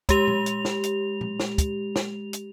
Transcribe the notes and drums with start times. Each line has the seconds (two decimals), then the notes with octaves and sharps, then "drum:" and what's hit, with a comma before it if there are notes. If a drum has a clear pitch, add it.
0.09 G#3 G4 F7, drum: kick, hi-hat
0.27 drum: tom A#2
0.46 drum: hi-hat
0.65 drum: snare
0.84 drum: hi-hat
1.21 drum: tom A#2
1.40 drum: snare
1.58 drum: kick, hi-hat
1.96 drum: snare
2.33 drum: hi-hat